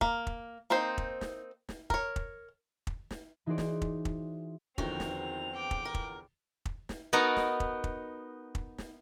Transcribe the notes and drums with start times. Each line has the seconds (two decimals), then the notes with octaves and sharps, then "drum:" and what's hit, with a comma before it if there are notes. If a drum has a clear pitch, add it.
0.01 A#3, drum: kick
0.27 drum: kick
0.70 A#3 C4 D#4 C5
0.98 drum: kick
1.21 drum: snare
1.69 drum: snare
1.90 A#4 C#5, drum: kick
2.16 drum: kick
2.87 drum: kick
3.11 drum: snare
3.46 E3 D#4 F#4 G#4 C5 D5
3.58 drum: snare
3.82 drum: kick
4.05 drum: kick
4.78 E2 D3 D#3 F3 C4 F#4 F7, drum: kick
5.00 drum: snare
5.54 G5 D6
5.71 drum: kick
5.85 A#4
5.94 drum: kick
6.65 drum: kick
6.89 drum: snare
7.13 B3 D#4 F#4 A#4
7.36 drum: snare
7.60 drum: kick
7.84 drum: kick
8.55 drum: kick
8.78 drum: snare